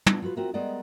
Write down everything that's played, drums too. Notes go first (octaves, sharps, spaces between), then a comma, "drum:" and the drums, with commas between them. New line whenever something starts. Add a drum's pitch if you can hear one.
B3 D4 F4, drum: tom
F4 F#4 A#4 B4
C4 F4 F#4 A#4 E5
G3 G#3 B3 A#4 D5 D#5